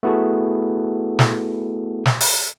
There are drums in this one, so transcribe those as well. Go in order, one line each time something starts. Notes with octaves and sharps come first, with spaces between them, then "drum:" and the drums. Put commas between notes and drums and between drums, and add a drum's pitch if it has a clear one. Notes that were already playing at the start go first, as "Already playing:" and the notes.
A3 B3 E4 F#4 G#4 A4
drum: snare
drum: snare
drum: open hi-hat